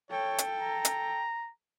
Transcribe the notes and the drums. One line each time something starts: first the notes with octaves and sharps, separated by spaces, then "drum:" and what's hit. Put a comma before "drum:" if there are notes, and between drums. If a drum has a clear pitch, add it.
A4 C#5 G5
drum: hi-hat
A#5
drum: hi-hat